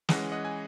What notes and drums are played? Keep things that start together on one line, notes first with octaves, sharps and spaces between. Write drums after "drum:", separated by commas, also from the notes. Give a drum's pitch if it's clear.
E3 G#3 C#4 D#5 F#5, drum: snare
D#5 F#5
G#5